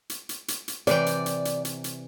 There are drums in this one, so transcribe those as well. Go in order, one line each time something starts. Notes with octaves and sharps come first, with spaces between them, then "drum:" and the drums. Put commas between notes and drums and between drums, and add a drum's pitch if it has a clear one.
drum: hi-hat
drum: hi-hat
drum: hi-hat
drum: hi-hat
C3 E3 D5 G5, drum: hi-hat
drum: hi-hat
drum: hi-hat
drum: hi-hat
drum: hi-hat
drum: hi-hat